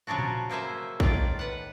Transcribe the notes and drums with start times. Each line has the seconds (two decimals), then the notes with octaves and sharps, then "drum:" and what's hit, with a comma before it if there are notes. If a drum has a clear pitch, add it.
0.07 C#3 F3 F#3 D4 F#4
0.19 drum: tom A#2
0.49 C#3 A#3 C5 E5 G#5
1.00 A2 D#3 F4 D5, drum: kick
1.39 B4 F#5